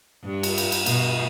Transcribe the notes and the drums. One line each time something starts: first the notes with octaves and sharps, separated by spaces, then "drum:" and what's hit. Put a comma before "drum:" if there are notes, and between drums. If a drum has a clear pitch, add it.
G2
drum: cymbal
drum: cymbal
drum: cymbal
B2, drum: cymbal